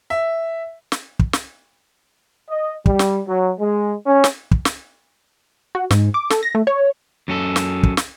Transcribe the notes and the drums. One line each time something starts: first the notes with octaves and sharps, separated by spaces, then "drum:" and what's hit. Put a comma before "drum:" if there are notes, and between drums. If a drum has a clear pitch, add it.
E5
drum: snare
drum: kick
drum: snare
D#5
G3, drum: kick
drum: snare
F#3
G#3
C#4
drum: snare
drum: kick
drum: snare
F#4
G#2, drum: snare
D6
A4, drum: snare
A#6
A3
C#5
F#2 C#4 A4
drum: snare
drum: kick
drum: snare